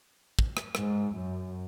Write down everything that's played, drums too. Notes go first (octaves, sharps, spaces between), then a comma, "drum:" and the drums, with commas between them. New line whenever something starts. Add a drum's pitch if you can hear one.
drum: kick
drum: rim click
G#2, drum: rim click
F#2